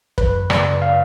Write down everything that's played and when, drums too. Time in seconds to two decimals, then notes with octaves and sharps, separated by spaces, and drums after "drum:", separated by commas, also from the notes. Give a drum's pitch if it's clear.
0.18 F#2 B4, drum: kick
0.50 C#3 D5, drum: rim click
0.82 F5